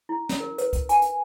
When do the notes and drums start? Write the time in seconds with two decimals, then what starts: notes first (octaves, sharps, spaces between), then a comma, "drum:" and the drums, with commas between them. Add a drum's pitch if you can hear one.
0.09 E4
0.29 drum: snare
0.40 A#4
0.58 B4, drum: hi-hat
0.73 drum: kick C#2, hi-hat
0.89 G#5, drum: hi-hat
1.02 drum: hi-hat